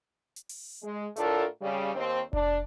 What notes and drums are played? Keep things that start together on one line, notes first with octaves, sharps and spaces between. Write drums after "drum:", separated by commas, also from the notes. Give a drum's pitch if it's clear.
drum: hi-hat
drum: open hi-hat
G#3
A2 A3 D4 F4 A4 A#4, drum: hi-hat
C#3 G3
D#2 C4
D4, drum: kick F1